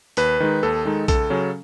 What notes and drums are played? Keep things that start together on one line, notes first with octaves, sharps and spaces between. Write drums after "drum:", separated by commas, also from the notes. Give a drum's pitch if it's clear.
D#2 B4, drum: hi-hat
D#3 G#3 D#4
D#2 A4
D#3 G#3 D#4
C#2 A4, drum: kick A#1, hi-hat
C#3 F#3 C#4